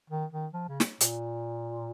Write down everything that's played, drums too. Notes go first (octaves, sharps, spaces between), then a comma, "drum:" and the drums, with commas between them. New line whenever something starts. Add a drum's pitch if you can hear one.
D#3
D#3
F3
C#3
drum: snare
A#2, drum: hi-hat